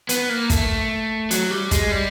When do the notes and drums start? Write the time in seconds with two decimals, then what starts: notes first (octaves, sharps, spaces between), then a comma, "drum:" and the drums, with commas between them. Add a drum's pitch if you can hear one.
0.09 B3, drum: hi-hat
0.29 A#3
0.50 A3, drum: kick, hi-hat
1.31 F#3, drum: hi-hat
1.51 G3
1.71 G#3, drum: kick, hi-hat
1.91 G3